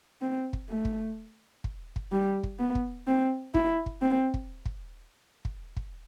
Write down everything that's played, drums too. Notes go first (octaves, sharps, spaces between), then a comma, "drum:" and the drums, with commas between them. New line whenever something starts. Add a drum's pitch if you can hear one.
C4
drum: kick
A3
drum: kick
drum: kick
drum: kick
G3
drum: kick
B3
drum: kick
C4
E4, drum: kick
drum: kick
C4
drum: kick
drum: kick
drum: kick
drum: kick